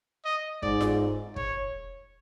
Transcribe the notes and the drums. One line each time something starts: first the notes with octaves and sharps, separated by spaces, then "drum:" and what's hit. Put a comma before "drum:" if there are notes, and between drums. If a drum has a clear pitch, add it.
D#5
G#2 D5, drum: kick
drum: snare F4
C#5, drum: kick